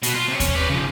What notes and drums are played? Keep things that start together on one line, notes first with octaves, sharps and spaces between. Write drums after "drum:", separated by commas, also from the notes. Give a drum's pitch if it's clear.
B2 B3, drum: hi-hat
F4
C3 C#4
C#4, drum: kick D#2, hi-hat
B4 D5
C#3 F3